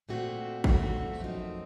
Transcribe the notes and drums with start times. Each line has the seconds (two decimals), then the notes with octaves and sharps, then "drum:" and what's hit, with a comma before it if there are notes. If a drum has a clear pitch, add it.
0.09 A#2 A3 C4 F#4
0.64 A#2 A3 C4 F#4, drum: kick
1.20 F#2 F3 C4 D#4